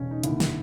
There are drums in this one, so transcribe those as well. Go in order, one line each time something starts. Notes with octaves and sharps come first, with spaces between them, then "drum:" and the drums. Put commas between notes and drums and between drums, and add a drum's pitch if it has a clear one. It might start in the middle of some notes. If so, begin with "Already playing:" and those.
Already playing: E1 C#3 C#4
D#4
F1 D#2 D3 E4, drum: hi-hat
drum: snare